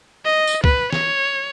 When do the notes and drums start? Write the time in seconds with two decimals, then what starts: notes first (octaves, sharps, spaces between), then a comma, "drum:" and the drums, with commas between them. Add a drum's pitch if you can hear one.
0.25 D#5
0.47 drum: tambourine
0.64 B4, drum: kick
0.93 C#5, drum: snare